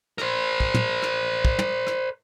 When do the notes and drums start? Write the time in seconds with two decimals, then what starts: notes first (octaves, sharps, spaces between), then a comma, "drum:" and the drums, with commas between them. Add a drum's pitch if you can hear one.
0.18 A#4 C5, drum: rim click
0.60 drum: kick
0.74 drum: tom
1.02 drum: rim click
1.45 drum: kick
1.59 drum: tom
1.87 drum: rim click